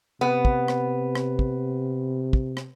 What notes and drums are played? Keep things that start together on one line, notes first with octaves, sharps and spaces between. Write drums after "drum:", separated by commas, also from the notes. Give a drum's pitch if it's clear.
C3 B3
drum: kick
drum: rim click
drum: rim click
drum: kick
drum: kick
drum: rim click